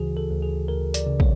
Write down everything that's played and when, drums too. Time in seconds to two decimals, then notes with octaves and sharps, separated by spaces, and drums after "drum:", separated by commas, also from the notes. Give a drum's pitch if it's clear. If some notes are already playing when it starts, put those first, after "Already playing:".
Already playing: D2 C#3 E3 F#4 G#4
0.17 A4
0.30 D2
0.42 G#4
0.68 D2 A#4
0.94 D5, drum: hi-hat
1.07 C#3
1.20 C#5, drum: kick